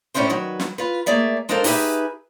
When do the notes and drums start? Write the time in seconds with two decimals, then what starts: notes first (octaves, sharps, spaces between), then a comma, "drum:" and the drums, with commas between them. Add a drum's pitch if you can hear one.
0.14 A2 C#4 D4 E4 C5
0.30 D#3 F#3 B4
0.59 drum: snare
0.78 F4 B4
1.06 A3 A#3 G#4 D5 E5
1.49 G#3 D4 A4 A#4 C5 F5
1.64 D#4 G4 G#4 B4 E5, drum: open hi-hat